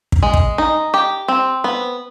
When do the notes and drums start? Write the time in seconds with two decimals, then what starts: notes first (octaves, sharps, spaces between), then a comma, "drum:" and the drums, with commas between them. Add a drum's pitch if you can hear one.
0.12 drum: kick
0.23 G#3
0.34 drum: kick
0.58 D#4
0.94 G4
1.28 C4
1.64 B3